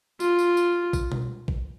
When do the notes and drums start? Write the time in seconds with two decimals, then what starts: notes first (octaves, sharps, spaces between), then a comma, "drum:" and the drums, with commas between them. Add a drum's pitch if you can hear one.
0.20 F4, drum: tambourine
0.39 drum: tambourine
0.57 drum: tambourine
0.93 drum: kick A1, tambourine
1.12 drum: tom B2
1.48 drum: kick A1